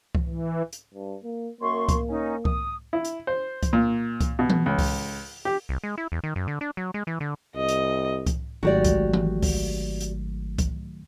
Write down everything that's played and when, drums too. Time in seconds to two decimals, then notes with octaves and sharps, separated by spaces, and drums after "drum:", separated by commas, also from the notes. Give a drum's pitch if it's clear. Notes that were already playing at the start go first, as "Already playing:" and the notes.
0.15 drum: kick C2
0.25 E3
0.73 drum: hi-hat
0.94 G2
1.24 A#3
1.61 F#2 A#3 C6 C#6
1.89 drum: kick C2, hi-hat
2.10 C#4 D#4
2.45 D#6, drum: kick C2
2.93 E4
3.05 drum: hi-hat
3.27 C5
3.63 drum: kick C2, hi-hat
3.73 A#2
4.21 drum: kick C2, hi-hat
4.39 B2
4.50 drum: tom E3
4.66 C#2
4.79 drum: kick C2, open hi-hat
5.45 G4
5.69 C2
5.84 G#3
5.98 E4
6.12 E2
6.24 D#3
6.36 F#2
6.48 D3
6.61 D4
6.77 F#3
6.94 G#3
7.07 E3
7.20 D3
7.56 C2 D#5
7.69 drum: hi-hat
8.26 drum: kick C2, hi-hat
8.63 G#1 D#3 F#3 A3 F#4 G4 D5
8.84 drum: kick C2, hi-hat
9.13 drum: tom E3
9.42 drum: kick C2, open hi-hat
10.00 drum: hi-hat
10.58 drum: kick C2, hi-hat